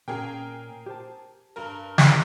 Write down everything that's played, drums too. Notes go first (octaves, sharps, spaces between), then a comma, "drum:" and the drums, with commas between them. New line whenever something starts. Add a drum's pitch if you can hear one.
A#2 A#3 C#4 G#4 A#4 G5
G4 C5 A5
G2 A#4
drum: snare